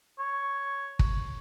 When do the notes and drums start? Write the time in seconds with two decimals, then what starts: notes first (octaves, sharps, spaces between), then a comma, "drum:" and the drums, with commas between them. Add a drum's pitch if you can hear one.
0.19 C#5
0.99 drum: kick